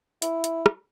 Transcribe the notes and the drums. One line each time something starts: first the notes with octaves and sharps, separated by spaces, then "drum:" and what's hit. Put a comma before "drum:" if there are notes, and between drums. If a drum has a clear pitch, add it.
E4, drum: hi-hat
drum: hi-hat
drum: rim click